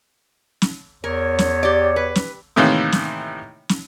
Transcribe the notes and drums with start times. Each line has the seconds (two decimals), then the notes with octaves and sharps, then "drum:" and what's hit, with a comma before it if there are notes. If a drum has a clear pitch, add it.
0.62 drum: snare
1.04 E2 A#4 C#5
1.39 drum: snare
1.63 G4 D5
1.96 B4
2.15 drum: snare
2.56 A2 C3 D#3 E3 A#3
2.92 drum: snare
3.69 drum: snare